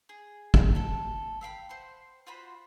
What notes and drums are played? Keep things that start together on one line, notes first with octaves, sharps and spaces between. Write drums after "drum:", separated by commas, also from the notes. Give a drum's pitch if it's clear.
G#4
drum: kick
A4 A5
E5 F5 G5 B5
C5 F#5 C6
F4 F#4 C5 B5